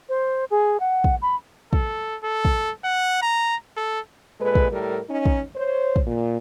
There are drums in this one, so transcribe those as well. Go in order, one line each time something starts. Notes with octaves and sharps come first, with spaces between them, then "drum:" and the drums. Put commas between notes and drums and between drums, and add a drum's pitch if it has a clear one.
C5
G#4
F#5
drum: kick
B5
A4, drum: kick
A4
drum: kick
F#5
A#5
A4
A#2 G#3 A4 B4
drum: kick
A2 G3 A4 A#4
C#4 D#4
drum: kick
C5 C#5
drum: kick
A#2